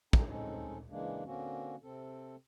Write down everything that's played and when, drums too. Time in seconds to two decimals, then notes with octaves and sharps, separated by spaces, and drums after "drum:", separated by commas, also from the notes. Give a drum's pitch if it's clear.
0.13 C#4 D4 A4 G5 A#5, drum: kick
0.28 G#3 C4 C#4 D#4 A4
0.90 C#3 E3 G#3 A#3 D4
1.25 D3 A#3 C4 C#4 F#4
1.83 C3 C4 A4